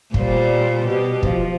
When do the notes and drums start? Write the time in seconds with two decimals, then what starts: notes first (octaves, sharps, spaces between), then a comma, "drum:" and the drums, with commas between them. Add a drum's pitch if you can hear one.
0.14 A#2 G3 C5, drum: kick
0.86 B2 G4
1.23 F3, drum: kick